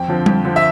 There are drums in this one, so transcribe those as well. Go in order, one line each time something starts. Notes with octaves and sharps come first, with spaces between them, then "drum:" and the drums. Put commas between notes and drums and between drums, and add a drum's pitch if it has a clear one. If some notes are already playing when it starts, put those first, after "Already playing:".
Already playing: F2 G5
D3 F3 C4
F2, drum: tom G3
D3 F3 C4
E5